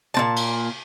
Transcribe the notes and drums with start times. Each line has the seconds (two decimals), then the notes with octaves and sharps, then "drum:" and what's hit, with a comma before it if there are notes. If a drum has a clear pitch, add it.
0.14 A#2 C4 A5
0.36 drum: cymbal